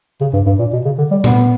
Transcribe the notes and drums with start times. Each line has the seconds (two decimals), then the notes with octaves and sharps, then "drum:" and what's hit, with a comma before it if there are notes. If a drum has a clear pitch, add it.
0.21 C#3
0.33 G2
0.46 G2
0.59 A#2
0.73 B2
0.85 C#3
0.98 D3
1.11 G3
1.24 B3, drum: tom A#2